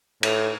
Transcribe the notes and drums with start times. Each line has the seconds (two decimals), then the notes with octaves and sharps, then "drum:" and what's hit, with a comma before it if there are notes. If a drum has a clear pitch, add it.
0.23 A2, drum: cymbal